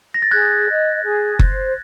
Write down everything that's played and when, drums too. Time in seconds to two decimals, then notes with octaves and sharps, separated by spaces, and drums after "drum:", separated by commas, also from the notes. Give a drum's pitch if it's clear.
0.14 A#6
0.22 A6
0.31 G#4 F#6 G#6
0.68 D#5
1.04 G#4
1.39 C5, drum: kick F#1